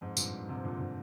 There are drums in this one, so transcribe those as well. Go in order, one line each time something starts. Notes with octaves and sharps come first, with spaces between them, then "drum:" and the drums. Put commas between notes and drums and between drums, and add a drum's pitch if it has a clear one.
F2 G#2
G2 A#2, drum: tambourine
G#2 C3
A#2 D3
A#2 D3